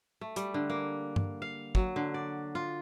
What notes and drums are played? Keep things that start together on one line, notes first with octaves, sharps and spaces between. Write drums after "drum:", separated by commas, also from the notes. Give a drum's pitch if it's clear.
A3
G3, drum: hi-hat
D3
A#3
drum: tom G2
F5
F#3, drum: kick
D3
D5
F4